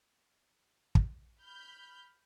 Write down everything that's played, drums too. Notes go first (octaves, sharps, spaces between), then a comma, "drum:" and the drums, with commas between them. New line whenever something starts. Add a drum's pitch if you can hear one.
drum: kick
B5 F6 G6